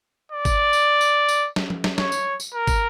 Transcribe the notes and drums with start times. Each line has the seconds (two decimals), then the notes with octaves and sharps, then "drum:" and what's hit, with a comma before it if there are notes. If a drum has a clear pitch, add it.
0.32 D5
0.45 drum: kick, tambourine
0.73 drum: tambourine
1.01 drum: tambourine
1.29 drum: tambourine
1.56 drum: snare
1.70 drum: tom F3
1.84 drum: snare
1.98 C#5, drum: snare
2.12 drum: tambourine
2.40 drum: tambourine
2.54 A#4
2.67 drum: kick, tambourine